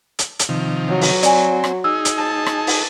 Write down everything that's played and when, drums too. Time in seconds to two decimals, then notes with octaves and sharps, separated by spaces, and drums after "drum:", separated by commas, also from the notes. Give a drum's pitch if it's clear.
0.19 drum: hi-hat
0.39 drum: hi-hat
0.49 C3 D#3 F3
0.88 F#3
1.01 drum: open hi-hat
1.23 C4 D5 G#5, drum: hi-hat
1.64 drum: rim click
1.84 D#4 G#4 E6
2.05 drum: hi-hat
2.17 A5
2.46 drum: rim click
2.67 drum: open hi-hat